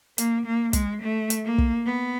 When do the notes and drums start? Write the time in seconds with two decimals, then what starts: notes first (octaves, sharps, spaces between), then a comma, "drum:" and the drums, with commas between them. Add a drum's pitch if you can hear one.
0.18 A#3, drum: hi-hat
0.46 A#3
0.73 G#3, drum: kick, hi-hat
1.02 A3
1.30 drum: hi-hat
1.44 A#3
1.58 drum: kick
1.86 B3